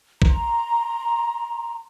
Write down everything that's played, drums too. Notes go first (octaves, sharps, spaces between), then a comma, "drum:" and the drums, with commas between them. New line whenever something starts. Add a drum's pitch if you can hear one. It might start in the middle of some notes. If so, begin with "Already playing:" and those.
A#5 C6, drum: kick A#1